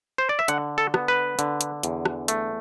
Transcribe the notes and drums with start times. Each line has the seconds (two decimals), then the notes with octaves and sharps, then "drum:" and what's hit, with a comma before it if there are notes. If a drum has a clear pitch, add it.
0.18 C5
0.29 D5
0.39 E5
0.48 D3 F#5, drum: hi-hat
0.78 A4
0.94 B3, drum: rim click
1.08 B4
1.39 D3, drum: hi-hat
1.61 drum: hi-hat
1.83 E2, drum: hi-hat
2.05 drum: rim click
2.28 A3, drum: hi-hat